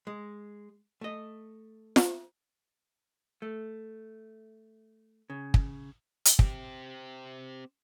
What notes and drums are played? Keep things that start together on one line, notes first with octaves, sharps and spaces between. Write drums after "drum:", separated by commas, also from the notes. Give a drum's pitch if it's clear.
G#3
A3 D#5
drum: snare F4
A3
C#3
drum: kick
drum: hi-hat
C4 G4, drum: kick